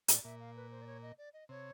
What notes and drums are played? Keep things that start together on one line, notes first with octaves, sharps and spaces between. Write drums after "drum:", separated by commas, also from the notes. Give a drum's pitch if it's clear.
A2 D5, drum: hi-hat
A#2 E5
F5
B4
C5
D5
C#5
D#5
D5
D#5
C3 C#5